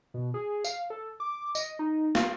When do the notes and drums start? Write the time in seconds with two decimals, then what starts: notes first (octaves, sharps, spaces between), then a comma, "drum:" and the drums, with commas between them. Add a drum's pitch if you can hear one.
0.14 B2
0.34 G#4
0.65 F5, drum: tambourine
0.90 A4
1.20 D6
1.55 D#5, drum: tambourine
1.79 D#4
2.15 F5, drum: snare